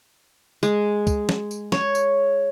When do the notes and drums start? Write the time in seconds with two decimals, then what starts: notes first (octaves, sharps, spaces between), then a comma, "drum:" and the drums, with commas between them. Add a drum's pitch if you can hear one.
0.63 G#3, drum: tambourine
1.07 drum: kick, tambourine
1.29 drum: snare
1.51 drum: tambourine
1.72 C#5, drum: snare
1.95 drum: tambourine